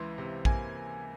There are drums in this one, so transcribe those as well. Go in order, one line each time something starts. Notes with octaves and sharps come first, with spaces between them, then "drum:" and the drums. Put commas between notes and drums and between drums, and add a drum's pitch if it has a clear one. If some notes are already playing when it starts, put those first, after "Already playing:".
Already playing: C#2 E3 C6
C3
A#3 G#5, drum: kick